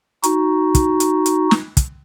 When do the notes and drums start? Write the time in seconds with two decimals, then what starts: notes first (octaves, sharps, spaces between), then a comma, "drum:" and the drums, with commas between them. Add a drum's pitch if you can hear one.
0.23 D#4 F#4, drum: hi-hat
0.75 drum: kick, hi-hat
1.00 drum: hi-hat
1.26 drum: hi-hat
1.51 drum: snare
1.77 drum: kick, hi-hat